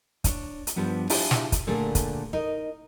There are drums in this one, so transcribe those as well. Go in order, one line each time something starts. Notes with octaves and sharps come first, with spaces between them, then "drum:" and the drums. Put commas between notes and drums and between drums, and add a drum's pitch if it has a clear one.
D4 C#5, drum: kick, hi-hat
drum: hi-hat
G2 F3 G3 B3 D4
D4 E4 F4 G4 G#4, drum: open hi-hat
drum: snare
drum: kick, hi-hat
A#2 D3 A3 G#4
drum: kick, hi-hat
D#4 A#4 D#5